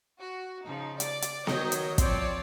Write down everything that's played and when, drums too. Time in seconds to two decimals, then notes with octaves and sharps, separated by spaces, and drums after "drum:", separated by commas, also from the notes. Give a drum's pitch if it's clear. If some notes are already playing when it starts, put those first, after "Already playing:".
0.20 F#4
0.65 C#3 F3 D#4
1.00 D5 D6, drum: hi-hat
1.22 drum: hi-hat
1.47 D#3 F#3 C#5 D#5 G6, drum: snare B3
1.72 drum: hi-hat
1.98 F3 C4 C#5 D5, drum: kick, hi-hat